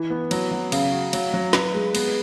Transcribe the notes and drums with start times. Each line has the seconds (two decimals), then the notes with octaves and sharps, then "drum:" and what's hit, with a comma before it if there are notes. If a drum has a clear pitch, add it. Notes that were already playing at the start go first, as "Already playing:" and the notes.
Already playing: E3
0.10 B3
0.31 F#3, drum: cymbal
0.51 F#3
0.72 C#3, drum: cymbal
0.92 F#4
1.13 F#3, drum: cymbal
1.34 F#3
1.53 B4, drum: snare
1.74 G#3
1.95 B3, drum: cymbal